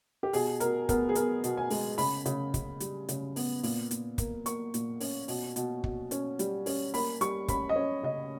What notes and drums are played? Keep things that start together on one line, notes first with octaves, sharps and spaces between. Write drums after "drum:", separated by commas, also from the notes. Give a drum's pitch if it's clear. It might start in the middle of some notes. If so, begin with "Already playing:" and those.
G4
B2 G#4, drum: open hi-hat
B2 A#4, drum: hi-hat
B3 A#4, drum: kick, hi-hat
G#4
B3 A#4, drum: hi-hat
B2, drum: hi-hat
G#5
G#3, drum: open hi-hat
C#3 B5, drum: open hi-hat
C#3, drum: hi-hat
C#3, drum: kick, hi-hat
G3, drum: hi-hat
C#3, drum: hi-hat
B3, drum: open hi-hat
A#2, drum: open hi-hat
A#2, drum: hi-hat
A#3, drum: kick, hi-hat
A#3 C#6, drum: hi-hat
A#2, drum: hi-hat
C#4, drum: open hi-hat
B2, drum: open hi-hat
B2, drum: hi-hat
B2, drum: kick
C#4, drum: hi-hat
G3, drum: hi-hat
C#4, drum: open hi-hat
A#3 B5, drum: open hi-hat
G3 C#6, drum: hi-hat
C#4 B5, drum: kick, hi-hat
D#5
C#4 C#5
C#3 D#5